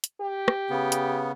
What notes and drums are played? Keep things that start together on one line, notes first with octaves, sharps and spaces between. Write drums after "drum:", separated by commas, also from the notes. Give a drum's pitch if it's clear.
drum: hi-hat
G4
drum: rim click
C#3 B3
drum: hi-hat